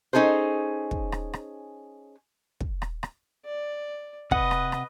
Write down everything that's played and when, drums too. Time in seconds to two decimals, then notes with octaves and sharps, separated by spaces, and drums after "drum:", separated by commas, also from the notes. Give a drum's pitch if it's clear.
0.13 C#4 D#4 G#4 A4 C5
0.91 drum: kick
1.12 drum: rim click
1.33 drum: rim click
2.60 drum: kick
2.82 drum: rim click
3.03 drum: rim click
3.45 D5
4.31 C3 B4 D#5 F#5, drum: kick
4.51 drum: rim click
4.72 drum: rim click